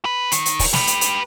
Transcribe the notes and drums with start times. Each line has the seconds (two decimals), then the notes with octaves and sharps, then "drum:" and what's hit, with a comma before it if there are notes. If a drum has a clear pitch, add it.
0.05 B4
0.32 D#3, drum: hi-hat
0.46 drum: hi-hat
0.59 drum: kick, open hi-hat
0.73 G4 B4, drum: snare
0.87 drum: hi-hat
1.01 drum: hi-hat